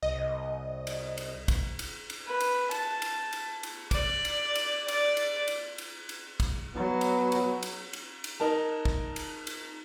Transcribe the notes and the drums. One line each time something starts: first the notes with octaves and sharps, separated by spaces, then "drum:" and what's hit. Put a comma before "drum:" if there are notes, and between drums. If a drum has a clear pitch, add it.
C2 D#5
drum: cymbal
drum: cymbal
drum: kick, cymbal
drum: cymbal
drum: cymbal
B4
drum: cymbal
A5, drum: cymbal
drum: cymbal
drum: cymbal
drum: cymbal
D5, drum: kick, cymbal
drum: cymbal
drum: cymbal
D5, drum: cymbal
drum: cymbal
drum: cymbal
drum: cymbal
drum: cymbal
drum: kick, cymbal
F#3 B3
drum: cymbal
drum: cymbal
drum: cymbal
drum: cymbal
drum: cymbal
D#4 A#4 A5
drum: kick
drum: cymbal
drum: cymbal